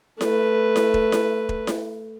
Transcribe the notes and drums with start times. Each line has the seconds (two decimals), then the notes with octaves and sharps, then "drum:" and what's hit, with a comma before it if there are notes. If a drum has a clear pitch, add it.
0.21 A3 B4, drum: snare E4
0.76 drum: snare E4
0.94 drum: kick E1
1.12 drum: snare E4
1.49 drum: kick E1
1.67 drum: snare E4